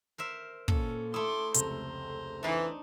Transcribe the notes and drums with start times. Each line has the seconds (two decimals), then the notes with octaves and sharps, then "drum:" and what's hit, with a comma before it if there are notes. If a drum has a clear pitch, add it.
0.18 A#4 C5 E5
0.68 A#2 C#4 A4, drum: kick
1.14 A3 E4 E5 C6 D6 D#6
1.54 F1 C#2 C5 A#5, drum: hi-hat
2.43 E3 D4 D#4